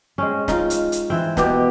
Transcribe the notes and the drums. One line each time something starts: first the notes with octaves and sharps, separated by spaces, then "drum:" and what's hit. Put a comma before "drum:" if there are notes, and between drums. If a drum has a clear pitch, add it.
G#3 C4 C#4
D#4 F4, drum: snare
drum: hi-hat
drum: hi-hat
E3 C4
B2 G4, drum: snare